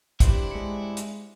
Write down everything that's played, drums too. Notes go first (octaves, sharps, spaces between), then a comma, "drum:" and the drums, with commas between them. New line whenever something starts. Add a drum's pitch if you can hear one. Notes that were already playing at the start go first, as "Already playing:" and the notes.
G2 C4 D4 E4, drum: kick, hi-hat
G#3 C#7
drum: hi-hat